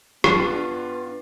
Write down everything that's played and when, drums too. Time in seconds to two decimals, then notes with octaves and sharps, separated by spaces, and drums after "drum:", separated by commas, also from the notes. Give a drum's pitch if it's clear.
0.24 G2 B3 D4 F4, drum: rim click